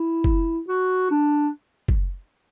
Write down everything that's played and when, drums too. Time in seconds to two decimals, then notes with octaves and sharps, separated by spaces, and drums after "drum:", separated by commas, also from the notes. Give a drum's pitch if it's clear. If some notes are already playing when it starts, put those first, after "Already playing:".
Already playing: E4
0.24 drum: kick
0.68 F#4
1.11 D4
1.88 drum: kick